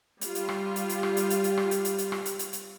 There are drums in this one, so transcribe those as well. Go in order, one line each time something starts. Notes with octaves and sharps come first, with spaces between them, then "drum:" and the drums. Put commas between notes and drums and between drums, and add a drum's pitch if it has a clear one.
G3 F4, drum: hi-hat
drum: hi-hat
drum: rim click
drum: hi-hat
drum: hi-hat
drum: rim click
drum: hi-hat
drum: hi-hat
drum: hi-hat
drum: rim click
drum: hi-hat
drum: hi-hat
drum: hi-hat
drum: rim click
drum: hi-hat
drum: hi-hat
drum: hi-hat